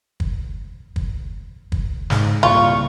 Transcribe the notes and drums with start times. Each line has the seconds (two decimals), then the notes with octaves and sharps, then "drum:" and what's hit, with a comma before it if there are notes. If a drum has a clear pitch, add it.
0.20 drum: kick
0.96 drum: kick
1.72 drum: kick
2.10 G#2, drum: snare
2.43 C2 A#2 C#3 F4 C#6